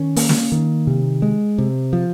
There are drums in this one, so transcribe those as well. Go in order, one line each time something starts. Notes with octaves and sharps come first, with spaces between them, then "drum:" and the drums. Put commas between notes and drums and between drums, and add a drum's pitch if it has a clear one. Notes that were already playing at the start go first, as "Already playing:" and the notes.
Already playing: D#3 C#4
A#3, drum: open hi-hat
drum: snare
D#3
C3
G#3
C3
F3